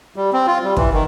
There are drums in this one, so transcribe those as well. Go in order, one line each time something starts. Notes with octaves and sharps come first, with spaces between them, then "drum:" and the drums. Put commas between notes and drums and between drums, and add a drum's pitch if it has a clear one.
G3
C4
F4
G3
E3, drum: kick
D#3